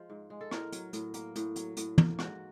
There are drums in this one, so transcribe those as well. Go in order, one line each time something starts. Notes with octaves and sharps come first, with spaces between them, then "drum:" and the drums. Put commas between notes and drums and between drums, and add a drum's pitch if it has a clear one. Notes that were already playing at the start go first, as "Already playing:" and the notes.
Already playing: F3 G#3
G#2
G#3
A4
A2 A#4, drum: rim click
F#3, drum: hi-hat
A2, drum: hi-hat
A#3, drum: hi-hat
A2, drum: hi-hat
F#3, drum: hi-hat
A2, drum: hi-hat
A#3, drum: tom
G#2 F#4, drum: rim click